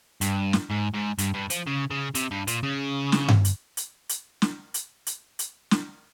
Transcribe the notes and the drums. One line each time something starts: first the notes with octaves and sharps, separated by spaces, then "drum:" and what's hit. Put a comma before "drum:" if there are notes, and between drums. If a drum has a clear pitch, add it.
G2, drum: hi-hat
drum: snare
G#2
G#2
G2, drum: hi-hat
G2
F3, drum: hi-hat
C#3
C#3
C3, drum: hi-hat
G2
A#2, drum: hi-hat
C#3
drum: snare
drum: tom G2
drum: hi-hat
drum: hi-hat
drum: hi-hat
drum: snare
drum: hi-hat
drum: hi-hat
drum: hi-hat
drum: snare